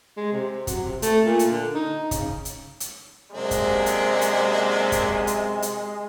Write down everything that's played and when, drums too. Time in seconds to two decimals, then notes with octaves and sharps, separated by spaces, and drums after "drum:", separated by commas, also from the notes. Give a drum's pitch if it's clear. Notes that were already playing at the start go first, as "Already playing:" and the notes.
0.17 G#3
0.32 C3
0.67 F#3, drum: kick, hi-hat
0.83 C3
1.02 A3, drum: hi-hat
1.25 A#2
1.39 drum: hi-hat
1.52 D3
1.75 D#4
2.11 C#3, drum: kick, hi-hat
2.45 drum: hi-hat
2.80 drum: hi-hat
3.35 F#2 C3 G#3 A#3 D4 C5
3.51 drum: kick, hi-hat
3.86 drum: hi-hat
4.21 drum: hi-hat
4.92 drum: kick, hi-hat
5.27 drum: hi-hat
5.62 drum: hi-hat